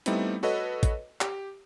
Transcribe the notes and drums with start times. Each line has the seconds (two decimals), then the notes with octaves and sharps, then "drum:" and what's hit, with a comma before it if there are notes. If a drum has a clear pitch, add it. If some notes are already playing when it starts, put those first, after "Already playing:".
0.06 G3 A3 B3 C4 D#4 E4, drum: hi-hat
0.43 F#4 A4 B4 C#5 D#5
0.83 drum: kick, hi-hat
1.21 G4, drum: clap